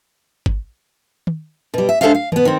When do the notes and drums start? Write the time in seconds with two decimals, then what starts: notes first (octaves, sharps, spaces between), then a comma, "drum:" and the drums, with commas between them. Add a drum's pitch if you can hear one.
0.46 drum: kick
1.27 drum: tom
1.74 B2 G3
1.89 E5
2.01 G#3 D4 A4 C5 E5 F5
2.15 F5
2.32 B2 B3, drum: tom D#3
2.45 D#3 C4